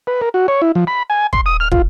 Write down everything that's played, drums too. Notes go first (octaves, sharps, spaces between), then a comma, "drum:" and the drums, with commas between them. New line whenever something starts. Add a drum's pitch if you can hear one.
B4
A#4
F#4
C#5
E4
F3
B5
G#5
C6, drum: kick
D#6
F6
F4, drum: kick